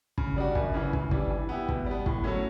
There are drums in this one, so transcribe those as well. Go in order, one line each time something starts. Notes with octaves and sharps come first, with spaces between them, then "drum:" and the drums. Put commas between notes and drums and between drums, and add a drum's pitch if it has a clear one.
C#3, drum: kick
G3 D4 F#4
F#2, drum: kick
C#3 E3
C#3, drum: kick
E3 G3 D4, drum: kick
E3
B3 E4 G4
B2, drum: kick
G3 B3
A2, drum: kick
F#3 A3 C#4